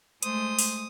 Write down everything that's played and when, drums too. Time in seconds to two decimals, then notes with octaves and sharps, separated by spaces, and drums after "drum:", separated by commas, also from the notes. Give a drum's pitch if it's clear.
0.23 G#3 A3 C5 D#6, drum: hi-hat
0.59 drum: open hi-hat